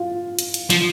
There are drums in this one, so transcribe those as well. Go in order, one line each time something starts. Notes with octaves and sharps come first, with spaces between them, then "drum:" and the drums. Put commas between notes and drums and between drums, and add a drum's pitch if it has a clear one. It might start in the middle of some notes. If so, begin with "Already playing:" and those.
Already playing: F4
drum: hi-hat
drum: hi-hat
F3, drum: hi-hat